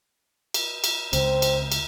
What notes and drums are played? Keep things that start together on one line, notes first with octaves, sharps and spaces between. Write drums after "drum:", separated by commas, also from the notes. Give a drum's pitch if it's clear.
drum: cymbal
drum: cymbal
C#2 C4, drum: cymbal
drum: cymbal
drum: cymbal